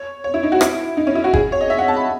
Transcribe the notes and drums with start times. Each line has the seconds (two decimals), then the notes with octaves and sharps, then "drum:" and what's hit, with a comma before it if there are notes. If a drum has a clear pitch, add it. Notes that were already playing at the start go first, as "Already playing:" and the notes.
Already playing: C#5
0.24 C#5
0.34 E4
0.43 D#4
0.52 F#4
0.61 E4, drum: rim click
0.97 D#4
1.07 C#4
1.15 E4
1.24 F#4
1.33 G#4, drum: kick F#1
1.52 C#5
1.61 D#5
1.70 E5
1.79 F#5
1.88 A5
1.96 B5